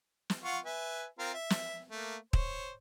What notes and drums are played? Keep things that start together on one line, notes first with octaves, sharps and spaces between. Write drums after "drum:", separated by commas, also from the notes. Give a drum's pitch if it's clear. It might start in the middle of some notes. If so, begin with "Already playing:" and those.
drum: snare
F4 F#5 C#6
B4 E5 G#5
C4 F4 A#4
E5
drum: snare
A3 A#3
C5 C#5, drum: kick